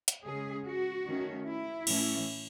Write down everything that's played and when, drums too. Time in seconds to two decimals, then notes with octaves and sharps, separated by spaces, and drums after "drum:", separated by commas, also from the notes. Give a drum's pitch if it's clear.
0.08 drum: hi-hat
0.24 C#3 G#3 C#4 G#4
0.65 F#4
1.05 D#3 A3 C#4
1.46 E4
1.87 A2 E3 A3 C#4, drum: cymbal